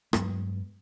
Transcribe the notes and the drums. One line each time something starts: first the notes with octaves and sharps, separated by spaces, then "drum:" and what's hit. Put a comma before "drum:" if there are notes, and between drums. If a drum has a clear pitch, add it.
G2 F#3 G#3 B3, drum: rim click